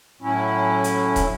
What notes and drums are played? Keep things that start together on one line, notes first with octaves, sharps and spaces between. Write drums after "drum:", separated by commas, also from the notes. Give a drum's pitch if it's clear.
A2 F#3 C#4 E4
drum: hi-hat
drum: kick, hi-hat